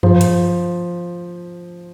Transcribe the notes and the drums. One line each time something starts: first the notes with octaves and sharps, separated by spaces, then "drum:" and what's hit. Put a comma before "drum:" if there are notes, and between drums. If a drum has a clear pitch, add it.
F3, drum: tom F#2
drum: hi-hat